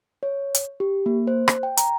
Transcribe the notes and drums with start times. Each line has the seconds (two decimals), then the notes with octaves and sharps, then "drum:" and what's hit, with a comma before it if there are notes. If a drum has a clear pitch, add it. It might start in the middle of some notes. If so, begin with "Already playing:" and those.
0.23 C#5
0.55 drum: hi-hat
0.80 G4
1.06 A#3
1.27 C5
1.48 drum: rim click
1.63 G5
1.77 A#5, drum: hi-hat